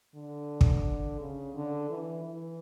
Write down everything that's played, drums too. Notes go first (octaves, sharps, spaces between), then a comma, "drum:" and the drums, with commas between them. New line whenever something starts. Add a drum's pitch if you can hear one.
D3
drum: kick
C#3
D3
E3
E3